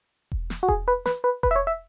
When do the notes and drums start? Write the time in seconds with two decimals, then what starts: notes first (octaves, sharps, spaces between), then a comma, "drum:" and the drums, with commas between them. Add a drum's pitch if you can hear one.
0.32 drum: kick E1
0.50 drum: snare
0.63 F#4
0.68 G#4, drum: kick E1
0.88 B4
1.06 B4, drum: snare
1.24 B4
1.43 B4, drum: kick E1
1.51 E5
1.56 C#5
1.67 E5